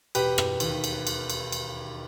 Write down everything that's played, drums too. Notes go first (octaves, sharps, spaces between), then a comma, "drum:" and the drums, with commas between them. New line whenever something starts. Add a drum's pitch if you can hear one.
E1 G4 B4, drum: cymbal
drum: rim click
D#2 D#3, drum: cymbal
drum: cymbal
drum: cymbal
drum: cymbal
drum: cymbal